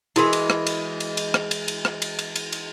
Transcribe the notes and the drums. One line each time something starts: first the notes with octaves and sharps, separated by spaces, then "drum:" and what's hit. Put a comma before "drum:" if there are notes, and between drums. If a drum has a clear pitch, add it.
E3 G#3 E4 F#4 A#4, drum: cymbal
drum: cymbal
drum: rim click
drum: cymbal
drum: cymbal
drum: cymbal
drum: rim click
drum: cymbal
drum: cymbal
drum: rim click
drum: cymbal
drum: cymbal
drum: cymbal
drum: cymbal